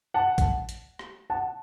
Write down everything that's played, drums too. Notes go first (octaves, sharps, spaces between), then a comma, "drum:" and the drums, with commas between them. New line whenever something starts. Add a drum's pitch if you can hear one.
F#5 A5
drum: kick A1, hi-hat
drum: hi-hat
drum: rim click
F#5 A5